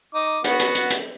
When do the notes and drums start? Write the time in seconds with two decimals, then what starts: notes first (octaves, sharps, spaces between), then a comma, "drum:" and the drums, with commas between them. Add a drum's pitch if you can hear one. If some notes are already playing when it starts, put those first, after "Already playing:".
0.15 D#4 D6
0.44 B3 F#4 F#5, drum: hi-hat
0.60 drum: hi-hat
0.75 drum: hi-hat
0.90 drum: hi-hat